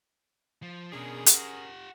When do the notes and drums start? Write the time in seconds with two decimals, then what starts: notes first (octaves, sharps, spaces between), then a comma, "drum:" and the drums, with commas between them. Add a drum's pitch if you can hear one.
0.63 F3
0.93 B2 C#4 D4 G#4 A#4
1.26 G4 F#5, drum: hi-hat